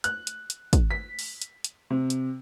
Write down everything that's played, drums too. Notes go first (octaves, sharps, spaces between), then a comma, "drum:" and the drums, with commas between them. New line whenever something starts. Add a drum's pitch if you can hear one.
F#6, drum: hi-hat
drum: hi-hat
drum: hi-hat
drum: kick, hi-hat
B6
drum: open hi-hat
drum: hi-hat
drum: hi-hat
C3
drum: hi-hat